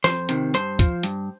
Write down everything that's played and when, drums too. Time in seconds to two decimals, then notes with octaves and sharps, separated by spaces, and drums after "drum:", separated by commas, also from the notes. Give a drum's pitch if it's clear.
0.04 F2 C5, drum: snare
0.29 C3 D#3, drum: hi-hat
0.54 G2 C5, drum: hi-hat
0.79 F3, drum: kick, hi-hat
1.03 G2, drum: hi-hat